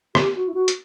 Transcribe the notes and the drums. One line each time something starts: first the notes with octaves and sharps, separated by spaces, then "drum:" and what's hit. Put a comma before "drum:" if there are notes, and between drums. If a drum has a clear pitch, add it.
G4, drum: rim click
F#4
E4
F#4
drum: hi-hat